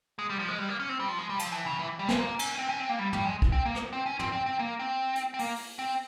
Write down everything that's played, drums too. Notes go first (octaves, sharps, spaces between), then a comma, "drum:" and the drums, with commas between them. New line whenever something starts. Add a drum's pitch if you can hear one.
G#3
G3
F3
G#3
G3
A#3
C#4
C4
G3
F3
G#3
G3
F3, drum: cymbal
E3
C#3
E3
G3
G#3, drum: snare
A#3
C#4, drum: cymbal
C4
C#4
C4
A#3
G3
G3, drum: tom
G#3
drum: kick
C4
A#3
drum: rim click
C4
C#4
C4, drum: tom
C4
C4
A#3
C4
drum: hi-hat
C4
A#3, drum: open hi-hat
drum: open hi-hat
C4